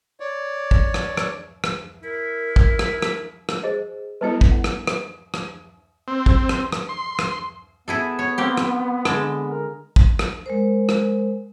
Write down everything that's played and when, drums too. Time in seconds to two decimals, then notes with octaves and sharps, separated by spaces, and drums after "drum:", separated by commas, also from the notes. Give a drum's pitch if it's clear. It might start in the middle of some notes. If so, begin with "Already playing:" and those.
0.20 C#5 D5
0.71 drum: kick
0.94 drum: rim click
1.17 drum: rim click
1.64 drum: rim click
2.03 E4 A#4
2.56 drum: kick
2.79 drum: rim click
3.02 drum: rim click
3.49 drum: rim click
3.63 G#4 C5 D#5
4.21 G3 B3 E4 A4 B4 D#5
4.41 drum: kick
4.52 F#5
4.64 drum: rim click
4.87 drum: rim click
5.34 drum: rim click
6.08 C4
6.26 drum: kick
6.49 drum: rim click
6.72 drum: rim click
6.89 C6
7.19 drum: rim click
7.88 B3 E4 G#4 A4
8.19 C#5
8.38 A#3 C4 G4
8.57 drum: rim click
9.05 D3 G#3 B3 A5, drum: rim click
9.50 A#4
9.96 drum: kick
10.19 drum: rim click
10.46 G#3 A#4 C5
10.89 drum: rim click